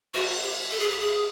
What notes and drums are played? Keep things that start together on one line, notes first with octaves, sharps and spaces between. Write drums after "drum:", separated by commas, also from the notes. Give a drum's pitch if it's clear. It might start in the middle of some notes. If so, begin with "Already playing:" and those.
F#4, drum: cymbal
G4
A4
G#4
G4
G#4